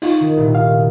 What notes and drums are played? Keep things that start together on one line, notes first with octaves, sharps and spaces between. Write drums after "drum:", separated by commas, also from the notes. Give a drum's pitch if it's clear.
D#4 F4, drum: open hi-hat
D#3
C2 A#2
F5